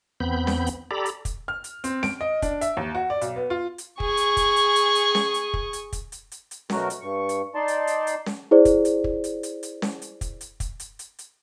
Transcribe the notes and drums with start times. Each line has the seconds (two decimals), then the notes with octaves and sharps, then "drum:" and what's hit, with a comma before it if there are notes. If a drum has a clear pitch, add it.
0.20 E2 B3 C4 B5 G6
0.47 drum: snare C#4
0.67 drum: hi-hat
0.91 G4 A4 D5 A#5 B5
1.06 drum: hi-hat
1.25 drum: kick, hi-hat
1.48 F6
1.64 drum: hi-hat
1.84 C4, drum: hi-hat
2.03 D7, drum: snare C#4
2.21 D#5
2.42 D4, drum: kick, hi-hat
2.61 E5, drum: hi-hat
2.77 D#2
2.95 F#4
3.10 D5
3.21 B1, drum: hi-hat
3.36 B3
3.50 F4
3.78 drum: hi-hat
4.00 G#4 C#6, drum: kick
4.17 drum: hi-hat
4.37 drum: kick, hi-hat
4.56 drum: hi-hat
4.76 drum: hi-hat
4.95 drum: hi-hat
5.15 drum: snare C#4
5.34 drum: hi-hat
5.54 drum: kick
5.73 drum: hi-hat
5.93 drum: kick, hi-hat
6.12 drum: hi-hat
6.32 drum: hi-hat
6.51 drum: hi-hat
6.70 B2 F#3 A3 F#4 A#4, drum: snare C#4
6.90 drum: hi-hat
7.01 G2 C#6
7.29 drum: hi-hat
7.55 D#4 D5 A5 C6
7.68 drum: hi-hat
7.87 drum: hi-hat
8.07 drum: hi-hat
8.26 drum: snare C#4
8.51 E4 G#4 C5 D5
8.65 drum: kick, hi-hat
8.85 drum: hi-hat
9.04 drum: kick
9.24 drum: hi-hat
9.43 drum: hi-hat
9.63 drum: hi-hat
9.82 drum: snare C#4
10.02 drum: hi-hat
10.21 drum: kick, hi-hat
10.41 drum: hi-hat
10.60 drum: kick, hi-hat
10.80 drum: hi-hat
10.99 drum: hi-hat
11.19 drum: hi-hat